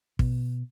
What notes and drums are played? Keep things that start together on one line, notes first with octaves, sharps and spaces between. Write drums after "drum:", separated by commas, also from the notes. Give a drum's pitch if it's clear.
B2, drum: kick